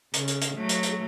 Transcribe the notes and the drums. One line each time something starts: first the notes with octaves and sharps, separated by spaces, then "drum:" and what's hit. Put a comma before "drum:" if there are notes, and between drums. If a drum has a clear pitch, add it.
C#3, drum: hi-hat
drum: hi-hat
drum: hi-hat
F#3 A3
drum: hi-hat
drum: hi-hat